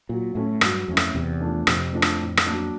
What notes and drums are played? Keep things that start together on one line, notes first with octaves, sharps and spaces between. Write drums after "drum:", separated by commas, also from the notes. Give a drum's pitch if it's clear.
A#2 F#3
A2 A3 C#4 E4
G2 F#3, drum: rim click
F2 A3 C#4 E4
drum: rim click
E2 C3
F3 A3 D4
F2 C3, drum: rim click
F3 A3 D4
drum: rim click
A2
drum: rim click
F#3 A#3 D4